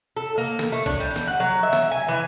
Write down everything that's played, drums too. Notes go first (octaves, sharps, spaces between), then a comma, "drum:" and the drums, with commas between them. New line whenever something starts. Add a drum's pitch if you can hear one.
A4
A#3
drum: snare
A3
D4, drum: kick A#1, cymbal
G3
drum: snare
F#5
F#3
E5
drum: snare
G#5
E3